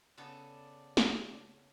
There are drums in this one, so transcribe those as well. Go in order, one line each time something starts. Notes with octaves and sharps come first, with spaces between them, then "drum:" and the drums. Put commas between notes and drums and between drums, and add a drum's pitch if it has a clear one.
C#3 B3 A4 D5
drum: snare